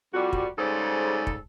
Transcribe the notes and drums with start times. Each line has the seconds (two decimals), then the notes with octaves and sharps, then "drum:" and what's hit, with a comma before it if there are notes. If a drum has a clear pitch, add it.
0.14 F2 G3 F#4
0.33 drum: kick
0.58 G#2 C#3 G3 G#4 A4 C5
1.27 drum: kick